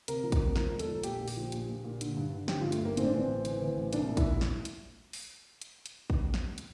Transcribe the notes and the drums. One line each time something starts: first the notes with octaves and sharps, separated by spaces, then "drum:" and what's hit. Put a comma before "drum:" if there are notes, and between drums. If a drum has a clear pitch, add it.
C3 A#4, drum: hi-hat
F3
A#4, drum: kick, hi-hat
C3
F3 A#4, drum: snare
E1
A4, drum: hi-hat
F3
A#1 G4, drum: hi-hat
A#2
G4, drum: open hi-hat
F3
A#1, drum: hi-hat
A#1
A#2
D3, drum: hi-hat
G2
D3
D3 G4, drum: snare
G2 F4
A3, drum: hi-hat
G1 A#3
A1 C4, drum: hi-hat
D4
E3 C4
A1
E3, drum: hi-hat
E3
A1
C2 D4, drum: hi-hat
A#2
E4, drum: kick, hi-hat
E4
drum: snare
drum: hi-hat
drum: open hi-hat
drum: hi-hat
drum: hi-hat
drum: kick
drum: snare
drum: hi-hat